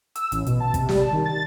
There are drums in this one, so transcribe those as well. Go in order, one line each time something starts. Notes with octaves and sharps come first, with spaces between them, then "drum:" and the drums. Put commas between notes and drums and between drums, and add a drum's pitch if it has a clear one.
E6, drum: hi-hat
A1, drum: hi-hat
B2, drum: hi-hat
A5
C3, drum: kick, hi-hat
G3, drum: snare
A5
D#3
A6